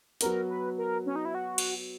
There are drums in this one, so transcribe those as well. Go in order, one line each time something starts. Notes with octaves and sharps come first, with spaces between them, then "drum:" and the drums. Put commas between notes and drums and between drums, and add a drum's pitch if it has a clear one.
F#3 B3 F#4 A#4, drum: hi-hat
B4
A#4
C#4
D#4
E4
F#4
drum: cymbal